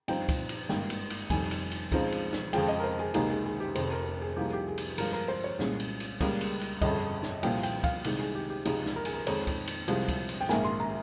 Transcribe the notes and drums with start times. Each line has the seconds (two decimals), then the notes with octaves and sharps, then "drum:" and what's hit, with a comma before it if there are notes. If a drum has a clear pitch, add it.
0.08 G2 F3 C4 D#4 G5, drum: cymbal
0.29 drum: kick, cymbal
0.49 drum: cymbal
0.69 G#1 G2 D#3 A#3 G5, drum: snare
0.90 drum: cymbal
1.10 drum: cymbal
1.30 F1 F2 D#3 G3 G#5, drum: kick, cymbal
1.51 drum: cymbal
1.71 drum: cymbal
1.92 C#2 C#3 F3 C4 D#4, drum: kick, cymbal
2.12 drum: cymbal
2.33 drum: snare
2.53 F2 C#3 F3 G#3 G5, drum: cymbal
2.68 D#5
2.80 A#4
2.84 C5
2.99 G#4
3.14 C#2 C3 D#3 A#3 D#4 G#4, drum: cymbal
3.30 G#4
3.45 G#4
3.60 G4
3.75 F1 F2 C3 C5, drum: cymbal
3.91 A#4
4.06 A#4
4.22 G#4
4.37 C2 C3 F3 A#3 D#4 G4
4.45 G#4
4.53 G4
4.68 G#4
4.78 drum: cymbal
4.98 G2 F3 G#3 A#4, drum: cymbal
5.13 A#4
5.28 C5
5.44 C#5
5.59 C2 A#2 G#3 C#4, drum: snare
5.80 drum: cymbal
6.00 drum: cymbal
6.21 C#2 C#3 G3 A#3, drum: kick, cymbal
6.41 drum: cymbal
6.61 drum: cymbal
6.81 G1 F2 C#3 D#5, drum: kick, cymbal
7.23 drum: snare
7.43 C2 A#2 F3 G5, drum: cymbal
7.63 G5, drum: cymbal
7.84 F5, drum: kick, cymbal
8.04 C2 C3 D#3 G#3 G4, drum: cymbal
8.19 G#4
8.35 G4
8.50 G4
8.65 C#2 C3 F3 G#3 D#4 G#4, drum: cymbal
8.86 drum: snare
8.96 A#4
9.05 G#4, drum: cymbal
9.14 A#4
9.27 F2 D#3 G#3 C4 D#4 C#5, drum: cymbal
9.47 drum: kick, cymbal
9.67 drum: cymbal
9.88 C2 C3 F3 G#3 C4, drum: cymbal
10.08 drum: kick, cymbal
10.29 drum: cymbal
10.41 G5
10.49 A#1 G#2 D#3 A#3 G#5, drum: snare
10.64 C6
10.80 A#5